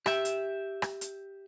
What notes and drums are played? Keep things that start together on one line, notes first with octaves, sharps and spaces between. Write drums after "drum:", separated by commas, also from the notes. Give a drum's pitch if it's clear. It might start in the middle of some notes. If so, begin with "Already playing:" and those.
G4 E5, drum: rim click
drum: hi-hat
drum: rim click
drum: hi-hat